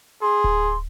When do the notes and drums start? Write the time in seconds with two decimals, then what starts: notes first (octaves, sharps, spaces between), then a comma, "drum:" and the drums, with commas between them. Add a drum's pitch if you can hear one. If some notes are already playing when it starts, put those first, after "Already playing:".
0.22 G#4 C6
0.44 drum: kick D1